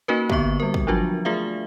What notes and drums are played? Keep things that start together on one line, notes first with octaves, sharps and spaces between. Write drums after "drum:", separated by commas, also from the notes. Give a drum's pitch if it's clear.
A#3 C#4 D#4 F#4 A#4 B4
D3 A#3 B3 E5 C#6, drum: kick
G3 A#4
drum: kick
F3 F#3 D4 F4 F#4
A3 F4 G#4 A#4 E5 F5